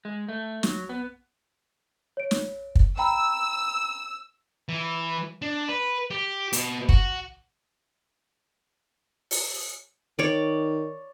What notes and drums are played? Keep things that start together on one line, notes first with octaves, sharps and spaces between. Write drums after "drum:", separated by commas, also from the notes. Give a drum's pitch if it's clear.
G#3
A3
F#3, drum: snare
B3
C#5 D7
drum: snare
drum: kick
G5 A#5 B5 E6
E3
D4
B4
G4
B2, drum: hi-hat
F#4, drum: kick
drum: open hi-hat
D#3 C#5 D5